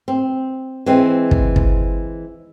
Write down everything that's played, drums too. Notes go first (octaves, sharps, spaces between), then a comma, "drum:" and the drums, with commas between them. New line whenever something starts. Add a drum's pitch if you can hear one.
C4
E3 G#3 C4
drum: kick
drum: kick